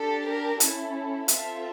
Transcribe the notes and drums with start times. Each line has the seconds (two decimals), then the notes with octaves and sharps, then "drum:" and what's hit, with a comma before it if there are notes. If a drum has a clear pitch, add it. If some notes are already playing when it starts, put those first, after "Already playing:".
Already playing: D4 G4 A4
0.27 A#4
0.60 C#4 E4 A4, drum: hi-hat
1.28 C4 F4 A4 E5, drum: hi-hat